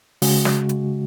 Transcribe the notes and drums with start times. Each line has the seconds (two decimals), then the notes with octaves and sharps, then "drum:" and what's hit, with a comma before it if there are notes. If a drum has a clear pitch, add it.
0.22 C#3 G#3 F#4, drum: open hi-hat
0.45 drum: snare
0.69 drum: hi-hat